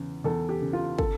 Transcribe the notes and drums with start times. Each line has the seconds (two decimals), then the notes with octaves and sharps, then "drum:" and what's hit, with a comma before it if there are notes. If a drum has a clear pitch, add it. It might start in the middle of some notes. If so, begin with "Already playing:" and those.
Already playing: E2 C#3
0.24 E2 A4
0.49 G4
0.61 C#3
0.73 F4
0.99 A4, drum: kick